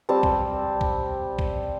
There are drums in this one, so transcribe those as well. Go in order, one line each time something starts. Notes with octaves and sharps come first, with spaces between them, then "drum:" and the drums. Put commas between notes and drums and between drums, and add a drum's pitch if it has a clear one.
G3 C4 A5
drum: kick A#1
drum: kick A#1
drum: kick A#1